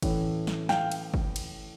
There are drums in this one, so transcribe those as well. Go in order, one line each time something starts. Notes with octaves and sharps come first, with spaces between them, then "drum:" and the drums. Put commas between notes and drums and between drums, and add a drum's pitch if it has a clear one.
A2 E3 A3 C#4, drum: kick G1, cymbal
drum: snare
F5 G5, drum: snare
drum: cymbal
drum: kick G1
drum: cymbal